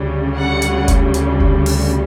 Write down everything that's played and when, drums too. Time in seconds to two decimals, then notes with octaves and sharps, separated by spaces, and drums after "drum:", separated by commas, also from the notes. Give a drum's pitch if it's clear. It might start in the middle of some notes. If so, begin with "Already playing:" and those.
Already playing: D2 C#3 G3
0.36 F#5
0.62 drum: hi-hat
0.88 drum: kick F1, hi-hat
1.14 drum: hi-hat
1.40 drum: kick F1
1.66 drum: open hi-hat